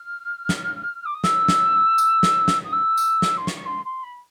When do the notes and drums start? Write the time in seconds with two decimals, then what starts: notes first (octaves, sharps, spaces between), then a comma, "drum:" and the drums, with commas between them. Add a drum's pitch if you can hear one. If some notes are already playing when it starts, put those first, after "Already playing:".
Already playing: F6
0.49 drum: snare
1.05 D6
1.14 D#6
1.24 E6, drum: snare
1.48 drum: snare
1.98 drum: tambourine
2.23 drum: snare
2.48 drum: snare
2.64 D#6
2.72 E6
2.97 drum: tambourine
3.22 drum: snare
3.37 C6
3.47 C#6, drum: snare
3.65 C6
3.85 C6
4.03 B5